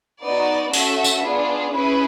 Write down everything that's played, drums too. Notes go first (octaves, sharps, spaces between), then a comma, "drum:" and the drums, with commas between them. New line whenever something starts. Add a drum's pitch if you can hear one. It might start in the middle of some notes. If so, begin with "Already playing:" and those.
B3 D#4 F#4 D5
A3 C#4 F#4 A4 E5, drum: open hi-hat
drum: tambourine
B3 D4 F4 G#4
C#4 E4 G#4 B4